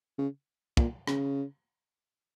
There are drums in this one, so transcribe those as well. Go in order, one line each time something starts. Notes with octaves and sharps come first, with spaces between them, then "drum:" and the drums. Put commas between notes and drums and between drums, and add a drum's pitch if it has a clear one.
C#3
A#2, drum: kick
C#3, drum: rim click